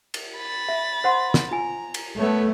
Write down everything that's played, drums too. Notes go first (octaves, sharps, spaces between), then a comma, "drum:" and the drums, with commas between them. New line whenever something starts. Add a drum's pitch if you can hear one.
drum: cymbal
B5 A6
E5
C5 F#5 C6
drum: snare
F4 G#5 A#5
drum: cymbal
A3 B3 C#5